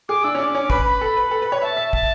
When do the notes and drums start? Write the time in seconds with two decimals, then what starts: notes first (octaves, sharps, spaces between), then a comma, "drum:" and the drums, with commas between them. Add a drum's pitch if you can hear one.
0.09 G#4 D6
0.24 D4 E6
0.35 C#4
0.39 D4 D6
0.55 C#4
0.70 B4 B5, drum: kick
0.86 B5
1.01 A4 B5
1.17 B4
1.31 A4
1.42 B4
1.52 C#5
1.62 E5 A5
1.77 E5
1.93 E5 A5, drum: kick